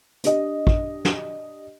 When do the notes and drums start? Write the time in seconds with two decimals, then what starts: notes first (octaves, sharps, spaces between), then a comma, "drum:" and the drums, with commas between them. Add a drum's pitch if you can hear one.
0.24 D4 G4 D#5, drum: hi-hat
0.67 drum: kick
1.05 drum: snare